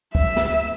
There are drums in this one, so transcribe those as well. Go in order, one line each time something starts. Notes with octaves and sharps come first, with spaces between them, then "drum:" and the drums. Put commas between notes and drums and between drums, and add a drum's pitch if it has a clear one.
E5, drum: kick
drum: snare